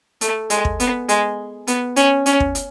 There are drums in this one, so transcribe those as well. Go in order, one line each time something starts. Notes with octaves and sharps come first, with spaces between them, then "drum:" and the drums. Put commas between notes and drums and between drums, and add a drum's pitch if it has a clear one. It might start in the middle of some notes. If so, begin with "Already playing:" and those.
A3, drum: hi-hat
G#3, drum: hi-hat
drum: kick
B3, drum: hi-hat
G#3, drum: hi-hat
B3, drum: hi-hat
C#4, drum: hi-hat
C#4, drum: hi-hat
drum: kick
drum: hi-hat